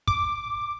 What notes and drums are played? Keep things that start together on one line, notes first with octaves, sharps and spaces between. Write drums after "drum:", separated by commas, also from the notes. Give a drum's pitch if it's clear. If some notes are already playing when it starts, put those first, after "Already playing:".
D6, drum: kick